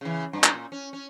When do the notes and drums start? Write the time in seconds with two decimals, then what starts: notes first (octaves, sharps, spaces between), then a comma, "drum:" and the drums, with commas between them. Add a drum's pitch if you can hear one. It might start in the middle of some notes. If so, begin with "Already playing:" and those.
0.01 C#3 E3
0.33 G2
0.44 drum: clap
0.54 A#2
0.72 C#4
0.93 C#4